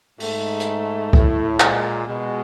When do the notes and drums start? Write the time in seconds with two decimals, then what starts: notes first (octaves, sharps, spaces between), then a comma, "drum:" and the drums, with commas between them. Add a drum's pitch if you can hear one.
0.20 G#2 A3, drum: open hi-hat
0.60 drum: hi-hat
1.13 A2, drum: kick C2
1.60 A#2 G#3, drum: clap
2.07 B2 G#3